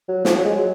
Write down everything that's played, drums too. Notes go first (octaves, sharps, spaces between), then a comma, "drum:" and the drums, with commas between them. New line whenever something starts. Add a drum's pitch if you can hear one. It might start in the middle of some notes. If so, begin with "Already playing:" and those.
F#3
F3, drum: snare
F#3
G#3
F#3